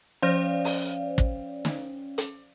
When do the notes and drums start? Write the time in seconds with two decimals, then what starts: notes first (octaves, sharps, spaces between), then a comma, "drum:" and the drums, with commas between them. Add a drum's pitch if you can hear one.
0.23 F3 C#4 C5 D5 F5
0.65 drum: open hi-hat
1.18 drum: kick
1.65 drum: snare
2.18 drum: hi-hat